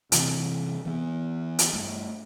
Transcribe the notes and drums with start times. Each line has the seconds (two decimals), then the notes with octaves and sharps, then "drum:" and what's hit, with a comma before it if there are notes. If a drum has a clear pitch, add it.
0.12 C3 E3 C4, drum: hi-hat
0.85 E3 B3
1.59 drum: hi-hat
1.73 G2 A3